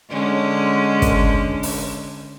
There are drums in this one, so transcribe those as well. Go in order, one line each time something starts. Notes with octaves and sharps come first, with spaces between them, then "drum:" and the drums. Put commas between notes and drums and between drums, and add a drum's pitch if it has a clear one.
D3 G#3 C#4
drum: kick, hi-hat
drum: open hi-hat